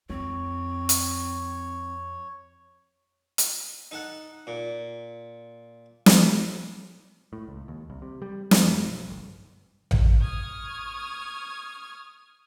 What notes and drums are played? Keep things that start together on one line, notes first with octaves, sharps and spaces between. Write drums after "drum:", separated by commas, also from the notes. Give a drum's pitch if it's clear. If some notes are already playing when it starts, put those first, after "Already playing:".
F2 C4 C#5
drum: hi-hat
drum: hi-hat
D#4 A4 F#5
A#2
drum: snare
A2
C#2
D#2
C2
C3
G3
E2, drum: snare
F#2
B1
G1
drum: tom A1
C#6 D#6 F6 G#6